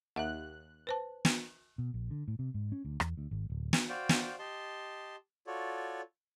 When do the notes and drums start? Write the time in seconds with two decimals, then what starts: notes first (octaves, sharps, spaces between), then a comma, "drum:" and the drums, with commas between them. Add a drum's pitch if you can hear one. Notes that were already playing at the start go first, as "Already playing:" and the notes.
0.16 D#2 E5 F#5 F#6
0.87 B4 C5 A5
1.25 drum: snare
1.78 B2
1.94 A#1
2.11 D3
2.28 A2
2.39 C3
2.54 G#2
2.72 C#4
2.85 D2
3.00 E2, drum: rim click
3.17 D2
3.31 G#1
3.50 D1
3.73 drum: snare
3.89 F#4 C5 D5 F5 G5
4.09 drum: snare
4.39 G4 D#5 A5 C6
5.47 F4 F#4 A4 C#5 D5